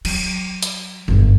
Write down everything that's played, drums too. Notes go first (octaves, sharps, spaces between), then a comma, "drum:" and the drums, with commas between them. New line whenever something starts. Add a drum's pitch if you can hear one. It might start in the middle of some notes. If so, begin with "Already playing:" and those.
F#3, drum: cymbal
drum: hi-hat
G1 F#2